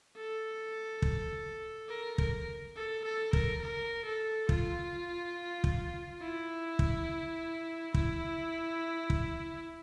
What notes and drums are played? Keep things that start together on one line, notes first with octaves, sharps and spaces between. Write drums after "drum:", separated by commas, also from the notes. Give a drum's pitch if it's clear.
A4
drum: kick
A#4
A#4, drum: kick
A4
A4
A#4, drum: kick
A#4
A4
F4, drum: kick
drum: kick
E4
drum: kick
E4, drum: kick
drum: kick